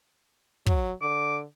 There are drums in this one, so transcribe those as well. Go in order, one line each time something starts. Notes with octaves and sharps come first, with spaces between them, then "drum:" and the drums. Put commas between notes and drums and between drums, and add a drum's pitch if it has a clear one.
F#3, drum: kick
D3 D6